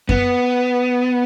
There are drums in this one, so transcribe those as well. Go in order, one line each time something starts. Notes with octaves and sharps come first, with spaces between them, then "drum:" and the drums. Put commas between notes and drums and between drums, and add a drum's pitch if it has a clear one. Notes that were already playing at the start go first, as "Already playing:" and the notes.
B3, drum: kick F#2